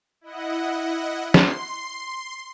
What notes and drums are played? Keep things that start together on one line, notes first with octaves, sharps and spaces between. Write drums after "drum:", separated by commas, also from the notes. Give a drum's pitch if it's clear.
E4 D#5 F#5
C6 C7, drum: snare